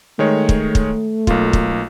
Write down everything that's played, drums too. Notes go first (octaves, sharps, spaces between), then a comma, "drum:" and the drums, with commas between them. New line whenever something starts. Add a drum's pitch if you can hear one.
D#3 G#3 A3 C#5
drum: kick
drum: kick
B1 A#3 F4, drum: kick
drum: kick